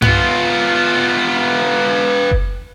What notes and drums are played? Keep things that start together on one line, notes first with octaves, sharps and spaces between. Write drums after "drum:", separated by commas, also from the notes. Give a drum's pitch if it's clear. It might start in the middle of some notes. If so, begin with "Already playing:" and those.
B3 F4, drum: tom G2
drum: kick F#1